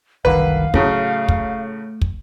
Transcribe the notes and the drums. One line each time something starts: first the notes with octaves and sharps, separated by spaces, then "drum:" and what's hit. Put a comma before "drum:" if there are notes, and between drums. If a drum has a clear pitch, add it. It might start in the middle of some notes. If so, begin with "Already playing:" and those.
F#1 C2 D3 D#3 B4 F5
A2 C#3 F#3 A3, drum: kick
drum: kick
drum: kick